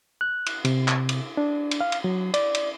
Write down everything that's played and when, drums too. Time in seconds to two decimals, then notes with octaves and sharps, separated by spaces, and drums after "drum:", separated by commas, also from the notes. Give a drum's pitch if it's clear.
0.21 F#6
0.46 drum: cymbal
0.65 C3, drum: cymbal
0.88 drum: clap
1.09 drum: cymbal
1.37 D4
1.71 drum: cymbal
1.80 F5
1.92 drum: cymbal
2.04 F#3
2.34 D5, drum: cymbal
2.55 drum: cymbal